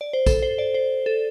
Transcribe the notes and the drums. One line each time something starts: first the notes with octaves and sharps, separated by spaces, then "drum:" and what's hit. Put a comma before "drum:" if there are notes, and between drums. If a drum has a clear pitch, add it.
D5
C5
A4, drum: kick, tambourine
C5
D5
C5
A4